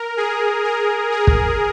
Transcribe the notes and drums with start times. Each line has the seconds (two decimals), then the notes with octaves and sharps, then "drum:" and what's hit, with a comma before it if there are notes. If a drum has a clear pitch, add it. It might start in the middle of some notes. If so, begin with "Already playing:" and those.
Already playing: A#4
0.17 G#4
0.64 A#4
1.11 G#4
1.27 drum: kick